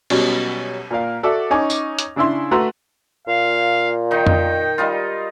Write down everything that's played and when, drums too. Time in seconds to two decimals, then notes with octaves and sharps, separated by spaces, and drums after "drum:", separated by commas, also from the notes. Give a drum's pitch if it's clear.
0.10 B2 F#3 G3 C#4, drum: cymbal
0.91 A#2 A#4 F5
1.23 F#4 A4 D5 E5 F#5
1.50 C#4 D#4 G#5 C#6 D6
1.70 drum: tambourine
1.99 drum: hi-hat
2.16 C#3 D4 E4 E5 C6
2.51 A3 F#4 B4 A#5 C6 E6
3.27 A#2 F5
4.11 D#3 D#4 G5
4.27 drum: tom F2
4.78 G3 D#4 F4